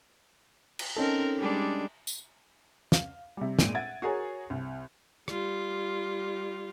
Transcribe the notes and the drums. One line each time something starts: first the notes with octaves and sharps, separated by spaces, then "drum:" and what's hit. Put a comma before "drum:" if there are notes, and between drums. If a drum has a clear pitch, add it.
drum: cymbal
C4 C#4 D#4 A4 A#4
G3 G#3 D4
drum: tambourine
F5, drum: snare
C3 G3
G#1 A#2 G#3 D7 D#7, drum: snare
E5 F#5 G#6 A6
F#4 G#4 A#4 C#5 G#5
C2
G3 F4, drum: rim click